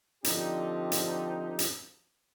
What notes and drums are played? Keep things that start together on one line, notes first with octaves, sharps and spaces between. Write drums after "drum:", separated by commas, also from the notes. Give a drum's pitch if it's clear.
D3 F3 C4 D4 D#4 G4, drum: hi-hat
drum: hi-hat
drum: hi-hat